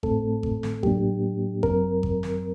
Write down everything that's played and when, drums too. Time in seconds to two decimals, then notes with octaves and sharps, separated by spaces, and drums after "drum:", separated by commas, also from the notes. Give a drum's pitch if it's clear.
0.03 A2 A3 C4 A4, drum: kick G#1
0.43 drum: kick G#1
0.63 drum: snare
0.83 A2 F#3 A#3 D4 G4, drum: kick G#1
1.63 F#2 F#3 C4 A#4, drum: kick G#1
2.03 drum: kick G#1
2.23 drum: snare